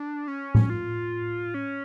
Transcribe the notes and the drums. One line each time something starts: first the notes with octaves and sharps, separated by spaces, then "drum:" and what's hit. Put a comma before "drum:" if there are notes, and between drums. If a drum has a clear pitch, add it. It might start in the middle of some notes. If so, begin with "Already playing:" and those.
Already playing: D4
C#4
drum: tom A2
F4
C#4